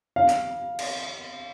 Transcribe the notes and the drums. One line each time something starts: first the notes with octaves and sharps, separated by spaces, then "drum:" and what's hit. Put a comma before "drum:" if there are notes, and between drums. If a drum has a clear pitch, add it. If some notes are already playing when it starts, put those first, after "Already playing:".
F5
drum: hi-hat
drum: cymbal